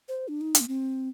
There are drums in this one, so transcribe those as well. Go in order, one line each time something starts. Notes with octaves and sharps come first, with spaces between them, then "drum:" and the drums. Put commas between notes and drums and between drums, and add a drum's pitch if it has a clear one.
C5
D4
D#4
D4, drum: hi-hat
A#3
C4